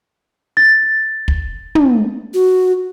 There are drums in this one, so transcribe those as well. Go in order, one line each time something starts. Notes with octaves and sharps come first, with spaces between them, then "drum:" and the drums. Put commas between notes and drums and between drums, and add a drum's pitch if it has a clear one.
A6
drum: kick
drum: tom
F#4